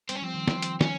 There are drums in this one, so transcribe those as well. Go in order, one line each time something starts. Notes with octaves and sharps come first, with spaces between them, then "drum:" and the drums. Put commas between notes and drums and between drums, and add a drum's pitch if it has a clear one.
G3 C4, drum: hi-hat
C#4
F3 C4
D#3
F3, drum: snare
drum: hi-hat
C#4, drum: snare